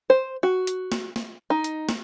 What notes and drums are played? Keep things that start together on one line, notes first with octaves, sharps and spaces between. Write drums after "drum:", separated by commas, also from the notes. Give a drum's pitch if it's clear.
C5
F#4
drum: hi-hat
drum: snare
drum: snare
D#4
drum: hi-hat
drum: snare